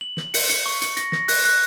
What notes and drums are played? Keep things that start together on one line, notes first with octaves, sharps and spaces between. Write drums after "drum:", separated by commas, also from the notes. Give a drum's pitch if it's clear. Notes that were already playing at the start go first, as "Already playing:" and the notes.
F#7
F#7, drum: snare
C#7, drum: open hi-hat
C#7, drum: hi-hat
C#6
C#7, drum: hi-hat
A#6, drum: hi-hat
A#6, drum: snare
F#6, drum: open hi-hat
F#6